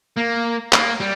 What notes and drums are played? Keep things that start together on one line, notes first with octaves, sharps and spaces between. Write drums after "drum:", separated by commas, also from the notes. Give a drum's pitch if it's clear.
A#3
A#3, drum: clap
G3